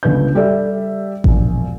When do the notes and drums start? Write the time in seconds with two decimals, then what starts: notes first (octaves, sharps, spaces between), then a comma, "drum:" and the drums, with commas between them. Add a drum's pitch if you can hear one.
0.03 G1 C#2 B4 G6
0.35 G3 G4 A4 D5 E5
1.24 E1 A#1, drum: kick A1